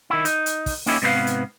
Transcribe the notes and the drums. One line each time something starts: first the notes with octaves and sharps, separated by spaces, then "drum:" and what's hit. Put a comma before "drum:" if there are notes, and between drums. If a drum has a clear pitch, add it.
D#3 E4
D#4, drum: hi-hat
drum: hi-hat
drum: kick, open hi-hat
A#3 C#4 D#4 E4 G4, drum: open hi-hat
G#2 C3 B3 E4 B4 F5
drum: hi-hat